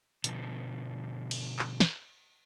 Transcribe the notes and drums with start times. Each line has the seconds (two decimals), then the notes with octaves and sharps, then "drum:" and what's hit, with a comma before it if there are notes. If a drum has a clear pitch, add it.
0.24 B2 D3 F3, drum: hi-hat
1.31 drum: cymbal
1.59 drum: clap
1.80 drum: snare